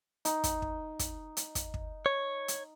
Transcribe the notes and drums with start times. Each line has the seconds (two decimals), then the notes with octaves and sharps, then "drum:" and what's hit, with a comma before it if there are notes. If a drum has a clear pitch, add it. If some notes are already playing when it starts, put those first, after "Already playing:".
0.25 D#4, drum: hi-hat
0.44 drum: kick, hi-hat
0.62 drum: kick
0.99 drum: kick, hi-hat
1.37 drum: hi-hat
1.55 drum: kick, hi-hat
1.74 drum: kick
2.06 C#5
2.48 drum: hi-hat